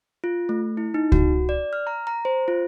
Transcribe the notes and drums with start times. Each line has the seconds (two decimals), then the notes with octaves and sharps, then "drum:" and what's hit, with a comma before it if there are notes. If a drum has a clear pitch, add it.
0.24 F4
0.49 A3
0.77 E4
0.94 D#4
1.12 F#4, drum: kick C#2
1.49 D5
1.73 F6
1.87 A#5
2.07 A#5
2.25 C5
2.48 F4